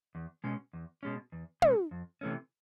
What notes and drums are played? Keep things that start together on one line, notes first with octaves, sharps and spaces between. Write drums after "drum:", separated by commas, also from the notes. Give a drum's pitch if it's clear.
E2
B2 G#3 C#4
E2
B2 G#3 C#4
E2
B2 G#3 C#4, drum: tom
F2
C3 E3 A3 C#4